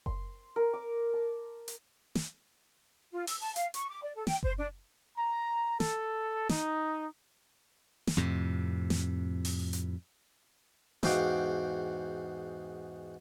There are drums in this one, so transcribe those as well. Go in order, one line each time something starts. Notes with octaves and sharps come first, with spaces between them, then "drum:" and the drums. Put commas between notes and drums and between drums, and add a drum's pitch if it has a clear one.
C6, drum: kick F#1
A#4
D6
A5
drum: hi-hat
drum: snare
F4
E6, drum: open hi-hat
A5
F5, drum: hi-hat
C#6, drum: hi-hat
D6
D5
A4
G5, drum: snare
C5, drum: kick F#1
D4
A#5
A4, drum: snare
D#4, drum: snare
drum: snare
F2 A2 C3
drum: snare
drum: open hi-hat
drum: hi-hat
E2 G#2 F#4 F5 G5 D6, drum: snare